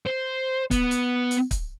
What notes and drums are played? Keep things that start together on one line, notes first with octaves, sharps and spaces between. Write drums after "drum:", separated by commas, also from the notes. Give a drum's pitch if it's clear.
C5
B3, drum: kick, hi-hat
drum: hi-hat
drum: hi-hat
drum: kick, hi-hat